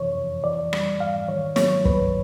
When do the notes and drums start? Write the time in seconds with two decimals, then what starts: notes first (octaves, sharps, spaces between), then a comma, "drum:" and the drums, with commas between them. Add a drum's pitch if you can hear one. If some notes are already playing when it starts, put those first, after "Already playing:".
Already playing: F#2 C3 E3 C#5
0.15 F2
0.44 E3 D5
0.73 G3, drum: rim click
1.00 G#2 F5
1.28 D#3 C#5
1.56 F#3 C#5, drum: snare
1.85 G2 B4, drum: kick